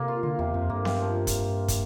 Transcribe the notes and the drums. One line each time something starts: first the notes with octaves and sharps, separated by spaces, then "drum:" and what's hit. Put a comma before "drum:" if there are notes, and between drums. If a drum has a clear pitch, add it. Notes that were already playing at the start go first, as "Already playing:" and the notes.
Already playing: C3 A#3
F4
D3 F4
E2 C3
F2 C3
G2 A#3
C3, drum: snare B3
F3
drum: kick, hi-hat
drum: kick, hi-hat